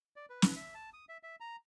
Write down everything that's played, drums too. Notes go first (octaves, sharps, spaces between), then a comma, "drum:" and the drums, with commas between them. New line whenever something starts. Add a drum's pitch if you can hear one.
D5
B4
drum: snare
E5
A5
D#6
E5
E5
A#5